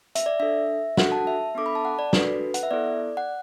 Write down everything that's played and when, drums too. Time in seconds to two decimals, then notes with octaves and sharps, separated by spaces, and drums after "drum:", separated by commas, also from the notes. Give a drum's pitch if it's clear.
0.15 E5, drum: hi-hat
0.26 D5
0.40 D4 A4 E5
0.97 D4 F#4 A4 F#5, drum: snare
1.12 A5
1.27 E5
1.55 B3 D4 A4 D6
1.66 B5
1.75 A5
1.85 F#5
1.99 D5
2.13 D4 F#4 A4 B4, drum: snare
2.54 F#5, drum: hi-hat
2.63 E5
2.71 B3 E4 A4 D5
3.17 F#5